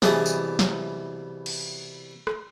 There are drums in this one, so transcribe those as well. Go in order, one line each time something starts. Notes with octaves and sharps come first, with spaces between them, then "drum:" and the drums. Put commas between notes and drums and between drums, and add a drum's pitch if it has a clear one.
C2 B2 E3 G#4 A5 D#6, drum: snare
drum: tambourine
drum: snare
drum: cymbal
drum: rim click